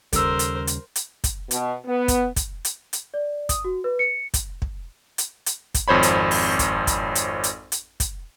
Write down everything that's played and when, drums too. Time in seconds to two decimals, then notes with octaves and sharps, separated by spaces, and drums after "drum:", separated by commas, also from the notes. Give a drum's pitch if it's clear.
0.13 D#2 C#3 G3 A4 A#4 C5 E6, drum: kick, hi-hat
0.39 drum: hi-hat
0.67 drum: hi-hat
0.96 drum: hi-hat
1.24 drum: kick, hi-hat
1.51 B2, drum: hi-hat
1.87 B3
2.08 drum: kick, hi-hat
2.36 drum: kick, hi-hat
2.65 drum: hi-hat
2.93 drum: hi-hat
3.14 D5
3.49 D#6, drum: kick, hi-hat
3.65 F#4
3.84 B4
3.99 C#7
4.34 drum: kick, hi-hat
4.62 drum: kick
5.18 drum: hi-hat
5.46 drum: hi-hat
5.75 drum: kick, hi-hat
5.88 G#1 F2 C5 C#5 B5
6.03 drum: hi-hat
6.31 drum: open hi-hat
6.59 drum: kick, hi-hat
6.87 drum: kick, hi-hat
7.15 drum: hi-hat
7.44 drum: hi-hat
7.72 drum: hi-hat
8.00 drum: kick, hi-hat